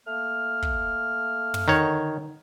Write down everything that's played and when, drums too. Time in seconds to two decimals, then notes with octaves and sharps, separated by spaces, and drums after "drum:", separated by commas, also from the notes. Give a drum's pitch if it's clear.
0.06 A3 A#3 F6
0.62 drum: kick
1.54 drum: tom
1.68 D3 D#3 C#5